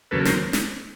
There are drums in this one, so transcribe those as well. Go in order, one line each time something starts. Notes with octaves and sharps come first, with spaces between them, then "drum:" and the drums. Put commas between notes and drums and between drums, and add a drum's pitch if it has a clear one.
D#2 C#3 F#3 A#3 A4 B4
A#4 C5, drum: snare
drum: snare